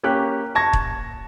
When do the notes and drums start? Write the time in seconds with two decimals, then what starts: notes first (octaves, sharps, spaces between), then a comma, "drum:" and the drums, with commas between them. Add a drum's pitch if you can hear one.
0.03 A#3 C#4 G4 F#6
0.55 A5 C#6 G#6 A#6
0.73 drum: kick D#1